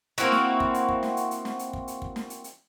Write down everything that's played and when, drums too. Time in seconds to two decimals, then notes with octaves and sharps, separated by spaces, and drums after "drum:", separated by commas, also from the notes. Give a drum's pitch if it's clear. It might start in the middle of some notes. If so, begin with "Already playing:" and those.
0.18 A#3 C4 E4 F#4, drum: hi-hat
0.32 drum: snare
0.60 drum: kick
0.74 drum: hi-hat
0.89 drum: kick
1.03 drum: snare
1.17 drum: hi-hat
1.31 drum: hi-hat
1.45 drum: snare
1.59 drum: hi-hat
1.73 drum: kick
1.88 drum: hi-hat
2.02 drum: kick
2.16 drum: snare
2.30 drum: hi-hat
2.44 drum: hi-hat